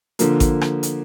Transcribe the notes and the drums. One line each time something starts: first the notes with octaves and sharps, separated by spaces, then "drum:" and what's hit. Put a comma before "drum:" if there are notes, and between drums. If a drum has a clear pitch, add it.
D3 F3 A#3, drum: hi-hat
drum: kick G#1, hi-hat
drum: rim click
drum: hi-hat